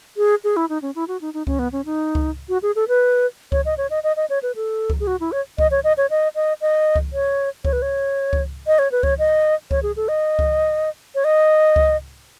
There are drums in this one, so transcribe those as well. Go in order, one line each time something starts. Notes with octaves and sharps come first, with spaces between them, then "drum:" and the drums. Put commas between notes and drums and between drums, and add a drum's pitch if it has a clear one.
G#4
G#4
E4
D#4
C#4
E4
F#4
D#4
D#4
C#4, drum: kick C#2
B3
C#4
D#4
drum: kick C#2
F#4
G#4
A4
B4
C#5, drum: kick C#2
D#5
C#5
D#5
D#5
D#5
C#5
B4
A4
drum: kick C#2
G#4
F#4
E4
C#5
D#5, drum: kick C#2
C#5
D#5
C#5
D#5
D#5
D#5
drum: kick C#2
C#5
C#5, drum: kick C#2
B4
C#5
drum: kick C#2
D#5
C#5
B4
C#5, drum: kick C#2
D#5
C#5, drum: kick C#2
G#4
A4
D#5
drum: kick C#2
C#5
D#5
drum: kick C#2